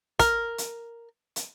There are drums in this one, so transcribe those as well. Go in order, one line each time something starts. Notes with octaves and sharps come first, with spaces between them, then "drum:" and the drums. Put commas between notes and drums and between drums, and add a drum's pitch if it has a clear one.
A#4, drum: kick, hi-hat
drum: hi-hat
drum: hi-hat